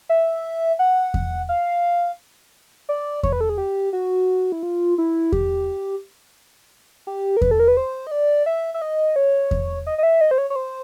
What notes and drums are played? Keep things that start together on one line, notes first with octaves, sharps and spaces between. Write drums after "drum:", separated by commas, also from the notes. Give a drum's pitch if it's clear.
E5
F#5
drum: kick E2
F5
D5
C#5, drum: kick E2
B4
A4
G#4
G4
F#4
E4
F4
E4
G4, drum: kick E2
G4
A#4
B4, drum: kick E2
A4
A#4
B4
C5
D#5
D5
E5
E5
D#5
C#5
drum: kick E2
D#5
D#5
E5
D#5
C5
C#5
C#5
C5